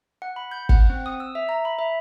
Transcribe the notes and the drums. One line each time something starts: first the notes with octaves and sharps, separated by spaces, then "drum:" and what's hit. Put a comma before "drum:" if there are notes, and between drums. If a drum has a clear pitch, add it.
F#5
B5
G6
F#5, drum: kick
C4
D#6
E6
E5
A#5
B5
E5